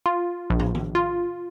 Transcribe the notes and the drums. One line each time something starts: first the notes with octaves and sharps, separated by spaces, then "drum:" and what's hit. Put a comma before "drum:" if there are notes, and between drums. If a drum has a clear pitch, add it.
F4
A#1
drum: tom
drum: tom D#3
F4